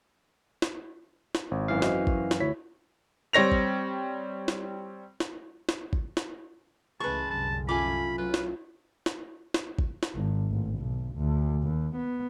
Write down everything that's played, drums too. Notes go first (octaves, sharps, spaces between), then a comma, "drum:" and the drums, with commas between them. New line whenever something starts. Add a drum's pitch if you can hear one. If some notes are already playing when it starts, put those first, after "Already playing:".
drum: snare
drum: snare
G#1
F#2 E3 F5
F#4 C5 D#5, drum: snare
drum: kick
drum: snare
D2 E4 C#5 B6
G3 C4 C#5 A#6 F7
drum: kick
drum: snare
drum: snare
drum: snare
drum: kick
drum: snare
C#2 E3 G#3 A3 C#4 B4 A5 C#6
C2 F#2 D3 A5
A3 C#4 F4 G#5 B5 D6
F#3 F4 B4
drum: snare
drum: snare
drum: snare
drum: kick
drum: snare
G#1
A1
B1
D2
D#2
B3